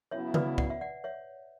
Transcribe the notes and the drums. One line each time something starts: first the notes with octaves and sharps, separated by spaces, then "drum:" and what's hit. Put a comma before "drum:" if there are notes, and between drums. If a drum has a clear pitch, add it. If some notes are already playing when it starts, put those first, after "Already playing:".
C#3 F#3 B3 E4 C#5 E5
B4 D5, drum: tom C#3
D5 F#5, drum: kick C2
E5
D5 F#5
C#5 E5